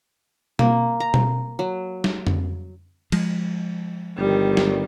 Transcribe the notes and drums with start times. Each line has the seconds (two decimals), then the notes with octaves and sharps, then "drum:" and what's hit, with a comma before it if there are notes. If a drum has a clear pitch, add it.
0.59 A#3, drum: tom B2
1.00 A#5
1.14 drum: tom B2
1.59 F#3
2.04 drum: snare
2.27 drum: tom F2
3.12 F3 G#3, drum: cymbal
4.18 G1 D#3 G3
4.57 drum: snare